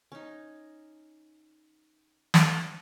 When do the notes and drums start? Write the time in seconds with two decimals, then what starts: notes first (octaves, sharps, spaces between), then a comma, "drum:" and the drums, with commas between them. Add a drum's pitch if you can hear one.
0.12 C#4 D#4
2.34 drum: snare